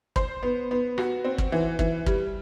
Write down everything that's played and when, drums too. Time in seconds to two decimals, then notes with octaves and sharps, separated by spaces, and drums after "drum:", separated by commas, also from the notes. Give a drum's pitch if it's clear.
0.16 C5, drum: kick
0.43 B3
0.71 B3
0.98 F#4, drum: rim click
1.25 C4
1.38 drum: kick
1.52 E3
1.79 E3, drum: kick
2.06 G3, drum: kick